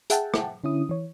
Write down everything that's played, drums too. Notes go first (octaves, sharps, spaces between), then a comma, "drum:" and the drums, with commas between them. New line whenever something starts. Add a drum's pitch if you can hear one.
G#4 E5 F#5 G5 A5, drum: hi-hat
drum: rim click
D3 C#4 E4 D#6
E3 C#5